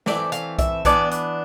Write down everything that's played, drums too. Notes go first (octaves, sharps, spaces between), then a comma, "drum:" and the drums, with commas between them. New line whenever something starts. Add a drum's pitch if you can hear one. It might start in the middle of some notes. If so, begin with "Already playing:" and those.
E3 A3 C4 D5, drum: snare
F5, drum: hi-hat
E5, drum: kick B1, hi-hat
E3 B3 D4 D5, drum: kick B1, hi-hat
drum: hi-hat